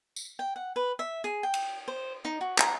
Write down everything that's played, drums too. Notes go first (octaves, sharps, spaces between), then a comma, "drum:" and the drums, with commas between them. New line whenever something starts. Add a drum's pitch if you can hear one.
drum: tambourine
G5
F#5
B4
E5
G#4
G5
drum: cymbal
C5
D#4
F#4
A#5, drum: clap